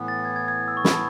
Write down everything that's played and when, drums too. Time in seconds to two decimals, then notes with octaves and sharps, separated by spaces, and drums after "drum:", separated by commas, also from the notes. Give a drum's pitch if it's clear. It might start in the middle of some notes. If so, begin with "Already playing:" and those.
Already playing: A2 E3 B3
0.08 A6
0.25 G#6
0.36 G#6
0.48 G#6
0.68 E6
0.77 C#6
0.84 B5, drum: snare
0.94 A5